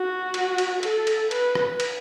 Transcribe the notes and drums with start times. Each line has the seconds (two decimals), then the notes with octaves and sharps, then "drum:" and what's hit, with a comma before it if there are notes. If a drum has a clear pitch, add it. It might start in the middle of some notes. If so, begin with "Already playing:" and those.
Already playing: F#4
0.34 drum: cymbal
0.58 drum: cymbal
0.83 A4, drum: cymbal
1.07 drum: cymbal
1.31 B4, drum: cymbal
1.55 drum: rim click
1.80 drum: cymbal